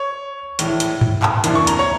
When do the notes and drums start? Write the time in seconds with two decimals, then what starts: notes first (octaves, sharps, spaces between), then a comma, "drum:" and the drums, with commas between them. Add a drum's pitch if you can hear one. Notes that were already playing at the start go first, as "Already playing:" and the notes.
Already playing: C#5 C#6
0.59 A#1 A2 E3, drum: hi-hat
0.80 drum: hi-hat
1.01 drum: tom G2
1.23 drum: clap
1.44 F1 F2 E3 A#3 D4, drum: hi-hat
1.55 C#6
1.67 A#5, drum: hi-hat
1.79 C#5 C#6